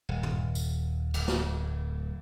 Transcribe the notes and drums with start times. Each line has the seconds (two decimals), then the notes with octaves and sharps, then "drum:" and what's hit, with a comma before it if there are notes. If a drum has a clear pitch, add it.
0.09 D#1
0.23 drum: tom
0.55 drum: tambourine
1.14 D1, drum: cymbal
1.28 drum: snare